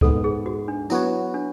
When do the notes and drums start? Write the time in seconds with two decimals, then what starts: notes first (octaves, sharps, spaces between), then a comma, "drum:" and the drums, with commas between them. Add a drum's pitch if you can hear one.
0.01 G#2 G#3 B3 A4, drum: kick
0.24 G#4
0.46 F#4
0.68 D4
0.90 F#3 B3 E4 F#4 C#5, drum: tambourine
1.34 D4